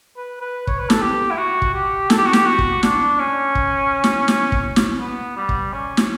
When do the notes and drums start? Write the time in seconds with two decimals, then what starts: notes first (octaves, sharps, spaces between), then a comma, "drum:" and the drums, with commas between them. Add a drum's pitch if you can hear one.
0.17 B4
0.41 B4
0.67 C#5, drum: kick
0.79 B4
0.90 A4, drum: snare
1.01 G4
1.31 E4
1.37 F#4
1.62 drum: kick
1.74 G4
2.10 A4, drum: snare
2.18 G4
2.26 F#4
2.33 G4, drum: snare
2.46 F#4
2.58 drum: kick
2.83 D4, drum: snare
3.19 C#4
3.55 drum: kick
4.04 drum: snare
4.28 drum: snare
4.52 drum: kick
4.76 drum: snare
5.00 B3
5.37 G3
5.49 drum: kick
5.73 C#4
5.97 drum: snare